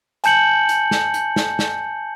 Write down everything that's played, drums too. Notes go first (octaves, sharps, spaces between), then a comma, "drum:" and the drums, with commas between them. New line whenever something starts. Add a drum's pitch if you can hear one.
G#5 A5 G6 C#7 F#7, drum: hi-hat
drum: hi-hat
drum: snare
drum: hi-hat
drum: snare
drum: snare